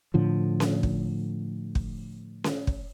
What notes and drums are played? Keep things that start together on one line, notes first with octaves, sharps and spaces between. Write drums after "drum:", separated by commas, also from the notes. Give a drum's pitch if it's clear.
A2 D3 F3
drum: snare C#4
drum: kick
drum: kick
drum: snare C#4
drum: kick